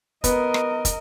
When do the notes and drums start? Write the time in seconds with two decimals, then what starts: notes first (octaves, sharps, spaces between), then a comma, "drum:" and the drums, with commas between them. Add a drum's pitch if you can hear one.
0.24 B3 A#4 D#5, drum: kick, hi-hat
0.54 drum: rim click
0.85 drum: kick, hi-hat